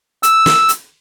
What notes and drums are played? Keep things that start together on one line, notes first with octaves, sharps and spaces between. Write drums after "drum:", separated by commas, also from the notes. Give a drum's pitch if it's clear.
E6, drum: hi-hat
drum: snare
drum: hi-hat